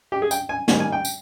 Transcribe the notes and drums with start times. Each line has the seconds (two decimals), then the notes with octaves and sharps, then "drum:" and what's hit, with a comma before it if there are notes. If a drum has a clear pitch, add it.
0.12 G4
0.22 G#4
0.31 G5, drum: tambourine
0.49 G#5
0.68 D#3 G3 A#3 G#5, drum: snare
0.80 G#5
0.92 G5
1.05 drum: tambourine